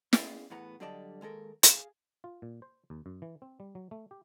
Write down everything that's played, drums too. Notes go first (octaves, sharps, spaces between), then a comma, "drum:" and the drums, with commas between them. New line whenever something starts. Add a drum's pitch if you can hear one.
B3 C#4 G#4 D5 F5 G5, drum: snare
E2 A2 B3 F#5 A#5
D3 F#3 G3 D5 D#5 A5
D#2 G#3 A4 A#4
G#4 F5 G#5, drum: hi-hat
F4
A#2
C5
D#2
F#2
E3
C4
G3
F#3
A3
G4